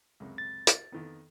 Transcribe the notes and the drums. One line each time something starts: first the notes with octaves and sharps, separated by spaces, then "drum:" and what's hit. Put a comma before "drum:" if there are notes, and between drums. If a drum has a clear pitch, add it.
C#2 F#2 C3
A6
drum: hi-hat
F2 D#3 B3